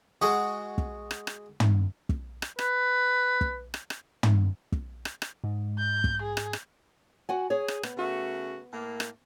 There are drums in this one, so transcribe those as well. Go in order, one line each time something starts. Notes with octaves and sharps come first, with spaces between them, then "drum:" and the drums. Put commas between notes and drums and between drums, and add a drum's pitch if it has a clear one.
G#3 F#4 G#4
drum: kick
drum: rim click
drum: rim click
drum: tom
drum: kick
drum: rim click
B4, drum: rim click
drum: kick
drum: rim click
drum: rim click
drum: tom
drum: kick
drum: rim click
drum: rim click
G#2
G6
drum: kick
G#4
drum: rim click
drum: rim click
F#4 F#5 G#5
G#4 C#5
drum: rim click
B3, drum: rim click
C#3 A3 F#4
A2 A#3
drum: rim click